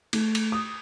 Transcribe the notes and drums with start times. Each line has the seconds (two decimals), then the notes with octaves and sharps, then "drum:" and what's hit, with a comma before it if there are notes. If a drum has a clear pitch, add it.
0.13 A3, drum: cymbal
0.35 drum: cymbal
0.52 D#6